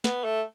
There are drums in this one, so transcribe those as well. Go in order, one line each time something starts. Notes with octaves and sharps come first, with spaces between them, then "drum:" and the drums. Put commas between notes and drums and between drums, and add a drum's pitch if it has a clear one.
B3, drum: snare
A3